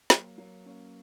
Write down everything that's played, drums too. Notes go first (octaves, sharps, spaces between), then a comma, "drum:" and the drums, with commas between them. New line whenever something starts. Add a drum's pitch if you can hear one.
F#3 A#3, drum: snare
F#3 A#3
A#3 C#4